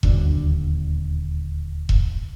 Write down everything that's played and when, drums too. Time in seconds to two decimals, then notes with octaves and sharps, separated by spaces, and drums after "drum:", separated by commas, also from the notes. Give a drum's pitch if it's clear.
0.03 D#1 D2 D3, drum: kick E1
1.89 drum: kick E1